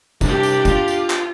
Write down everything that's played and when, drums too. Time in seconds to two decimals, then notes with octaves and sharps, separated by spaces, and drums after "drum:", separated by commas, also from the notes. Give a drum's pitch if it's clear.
0.21 C2 D4 G4, drum: kick, tambourine
0.43 drum: tambourine
0.65 F4, drum: kick, tambourine
0.88 drum: tambourine
1.10 drum: clap